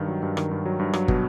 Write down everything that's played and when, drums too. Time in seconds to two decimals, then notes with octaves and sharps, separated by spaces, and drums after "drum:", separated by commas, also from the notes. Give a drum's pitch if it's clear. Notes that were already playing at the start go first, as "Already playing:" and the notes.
Already playing: G2 D#3
0.08 F#3
0.23 G2
0.37 D#3, drum: rim click
0.51 G2
0.65 F#3
0.79 G2
0.93 F#3, drum: rim click
1.08 B2, drum: kick